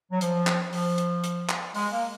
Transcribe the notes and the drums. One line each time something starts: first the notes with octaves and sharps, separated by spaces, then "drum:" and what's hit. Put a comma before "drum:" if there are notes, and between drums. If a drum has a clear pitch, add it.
F#3
F3, drum: hi-hat
drum: clap
F3, drum: open hi-hat
drum: hi-hat
drum: hi-hat
drum: clap
G#3, drum: open hi-hat
A#3